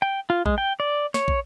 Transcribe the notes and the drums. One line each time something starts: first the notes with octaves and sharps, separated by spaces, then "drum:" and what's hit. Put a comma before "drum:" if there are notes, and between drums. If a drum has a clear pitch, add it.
G5
F4
G#3, drum: kick
G5
D5
C#5, drum: snare
drum: kick